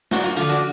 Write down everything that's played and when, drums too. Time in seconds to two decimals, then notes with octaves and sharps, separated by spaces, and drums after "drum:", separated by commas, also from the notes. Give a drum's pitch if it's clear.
0.11 F#2 D4 F#4, drum: snare
0.24 F4
0.36 D3 F3 F4
0.49 D4 F#4